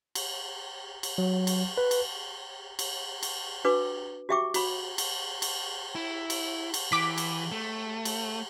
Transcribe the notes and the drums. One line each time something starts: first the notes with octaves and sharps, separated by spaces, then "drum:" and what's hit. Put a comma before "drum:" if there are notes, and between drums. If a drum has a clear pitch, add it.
drum: cymbal
drum: cymbal
F#3
drum: cymbal
B4
drum: cymbal
drum: cymbal
drum: cymbal
D4 F#4 B4 D6
F#4 G4 E5 G5 C#6 D6
F#4 B5, drum: cymbal
drum: cymbal
drum: cymbal
E4
drum: cymbal
drum: cymbal
E3 D6 B6
drum: cymbal
A3
drum: cymbal